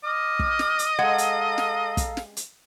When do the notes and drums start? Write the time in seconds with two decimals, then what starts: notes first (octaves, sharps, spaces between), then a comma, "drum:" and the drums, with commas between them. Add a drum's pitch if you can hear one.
0.04 D#5 D6 F6
0.39 drum: kick
0.59 drum: snare
0.79 drum: hi-hat
0.99 G#3 A4 F5 F#5 A#5
1.18 drum: hi-hat
1.58 drum: snare
1.97 drum: kick, hi-hat
2.17 drum: snare
2.37 drum: hi-hat